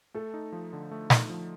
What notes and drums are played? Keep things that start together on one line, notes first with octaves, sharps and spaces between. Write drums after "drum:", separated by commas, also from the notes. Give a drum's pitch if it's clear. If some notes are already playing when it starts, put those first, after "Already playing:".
A3 A4
D#4
F3
D3
A3
D#4, drum: snare
F3